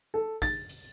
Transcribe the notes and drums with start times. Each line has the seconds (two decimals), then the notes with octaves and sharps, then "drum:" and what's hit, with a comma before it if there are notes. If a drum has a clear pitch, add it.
0.14 A4
0.42 A6, drum: kick, hi-hat
0.69 drum: hi-hat